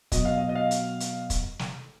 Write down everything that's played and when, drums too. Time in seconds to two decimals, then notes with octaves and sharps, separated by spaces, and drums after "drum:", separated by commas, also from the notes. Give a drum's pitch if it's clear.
0.12 B2 F#3 D#5, drum: kick, hi-hat
0.25 F5
0.38 D#5
0.49 D#5
0.55 F5
0.71 drum: hi-hat
1.00 drum: hi-hat
1.30 drum: kick, hi-hat
1.59 drum: snare